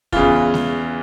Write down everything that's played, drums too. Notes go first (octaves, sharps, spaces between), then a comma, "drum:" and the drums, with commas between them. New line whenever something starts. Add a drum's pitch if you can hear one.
E2 C#3 E3 F4, drum: kick
drum: snare G#3